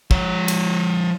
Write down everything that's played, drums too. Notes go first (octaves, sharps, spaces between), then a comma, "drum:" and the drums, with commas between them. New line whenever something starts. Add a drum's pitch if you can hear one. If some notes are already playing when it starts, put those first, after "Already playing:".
F3 C#5, drum: kick
drum: cymbal